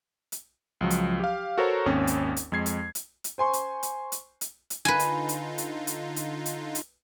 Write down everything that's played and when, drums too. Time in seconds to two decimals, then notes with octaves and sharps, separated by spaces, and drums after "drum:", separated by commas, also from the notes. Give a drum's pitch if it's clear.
0.32 drum: hi-hat
0.81 C#2 F3 F#3
0.90 drum: hi-hat
1.20 G4 F5
1.58 F#4 A4 A#4 C5 C#5 A#5
1.86 G#1 D#2 C4 C#4
2.07 drum: hi-hat
2.37 drum: hi-hat
2.52 F2 G#3 G#6 C7
2.66 drum: hi-hat
2.95 drum: hi-hat
3.24 drum: hi-hat
3.38 C5 G#5 C6 C#6
3.53 drum: hi-hat
3.83 drum: hi-hat
4.12 drum: hi-hat
4.41 drum: hi-hat
4.70 drum: hi-hat
4.85 D3 D#4 F4 B4 G#5
4.99 drum: hi-hat
5.29 drum: hi-hat
5.58 drum: hi-hat
5.87 drum: hi-hat
6.16 drum: hi-hat
6.46 drum: hi-hat
6.75 drum: hi-hat